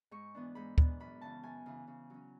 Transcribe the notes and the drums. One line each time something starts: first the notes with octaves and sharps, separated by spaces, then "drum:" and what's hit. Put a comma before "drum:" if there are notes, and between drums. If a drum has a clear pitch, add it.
G#2 C#6
E3 B3 D4
G#2 B5
E3 B3 D4, drum: kick
F#2 B5
C#3 E3 A5
F#2 G#5
C#3 E3
C#3
F#3 C#4